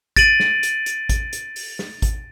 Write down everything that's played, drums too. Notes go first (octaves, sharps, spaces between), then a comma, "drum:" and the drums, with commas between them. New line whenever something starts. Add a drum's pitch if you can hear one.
A6 D7 D#7 F#7, drum: kick G#1, hi-hat
drum: snare
drum: hi-hat
drum: hi-hat
drum: kick G#1, hi-hat
drum: hi-hat
drum: open hi-hat
drum: snare
drum: kick G#1, hi-hat